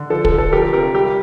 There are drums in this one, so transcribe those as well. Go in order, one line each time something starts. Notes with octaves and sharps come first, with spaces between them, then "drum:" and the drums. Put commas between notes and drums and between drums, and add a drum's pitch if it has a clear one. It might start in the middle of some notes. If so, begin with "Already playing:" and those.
Already playing: D3
F3 A4
A4, drum: kick
D3
A4
F3 G4 A#4
C3 G4 A#4
G3 G4